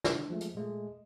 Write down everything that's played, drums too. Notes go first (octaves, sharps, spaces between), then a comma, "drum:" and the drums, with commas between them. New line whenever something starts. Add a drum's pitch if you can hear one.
D4, drum: snare
F3 G#3 A3
drum: hi-hat
A#2 G#3 A3